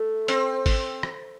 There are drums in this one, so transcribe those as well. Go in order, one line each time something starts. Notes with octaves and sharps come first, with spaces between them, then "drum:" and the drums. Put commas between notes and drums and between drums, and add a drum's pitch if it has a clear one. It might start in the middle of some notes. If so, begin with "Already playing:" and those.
Already playing: A3
C4, drum: hi-hat
drum: kick G#1, open hi-hat
drum: rim click